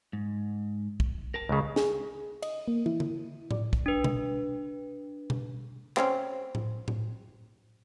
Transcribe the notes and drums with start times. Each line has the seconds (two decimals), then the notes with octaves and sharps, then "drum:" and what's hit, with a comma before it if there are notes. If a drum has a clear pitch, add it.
0.13 G#2
1.00 drum: kick
1.34 A#4 G5 A5
1.49 C#2 C#3
1.76 G#4, drum: snare
2.42 D#5, drum: cymbal
2.68 A#3
2.86 E4, drum: tom
3.00 drum: tom D3
3.51 D5, drum: tom A2
3.73 drum: kick
3.86 D4 B4
4.04 drum: tom B2
5.30 drum: tom B2
5.97 C4 C#4, drum: clap
6.55 drum: tom A2
6.88 drum: tom A2